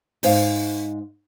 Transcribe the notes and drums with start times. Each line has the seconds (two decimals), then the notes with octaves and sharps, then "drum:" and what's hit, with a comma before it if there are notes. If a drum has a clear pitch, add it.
0.23 G#2 C5 F5, drum: open hi-hat